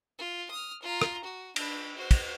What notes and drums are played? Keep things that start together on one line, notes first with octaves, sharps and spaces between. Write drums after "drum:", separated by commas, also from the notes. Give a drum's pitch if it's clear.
F4
D#6 F6
F4 A#5
drum: rim click
F#4
D4 B5, drum: cymbal
F#4 C5
drum: kick, cymbal